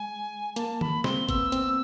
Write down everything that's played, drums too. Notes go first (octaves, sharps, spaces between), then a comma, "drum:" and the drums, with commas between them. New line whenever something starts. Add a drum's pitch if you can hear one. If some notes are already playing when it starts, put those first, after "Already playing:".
Already playing: G#3 G#5
A#3 A5, drum: hi-hat
B5, drum: tom D#3
C4 C6, drum: snare
B3 E6, drum: kick G1, hi-hat
C4, drum: hi-hat